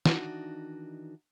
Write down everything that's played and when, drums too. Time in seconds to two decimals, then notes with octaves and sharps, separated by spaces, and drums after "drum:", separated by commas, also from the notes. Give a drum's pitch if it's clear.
0.06 D#3 E3 D4 D#4 F#4, drum: snare